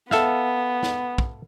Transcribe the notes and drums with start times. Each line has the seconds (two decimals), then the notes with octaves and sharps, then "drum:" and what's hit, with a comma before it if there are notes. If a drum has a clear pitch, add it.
0.11 B3 A4 E5 F5, drum: snare
0.83 drum: snare
1.18 drum: kick